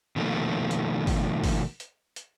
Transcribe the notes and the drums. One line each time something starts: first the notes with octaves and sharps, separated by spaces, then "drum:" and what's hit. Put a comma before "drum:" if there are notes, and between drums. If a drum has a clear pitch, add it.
B2 D#3 F3 A3 A#3
drum: hi-hat
drum: kick G1, open hi-hat
drum: kick G1, open hi-hat
drum: hi-hat
drum: hi-hat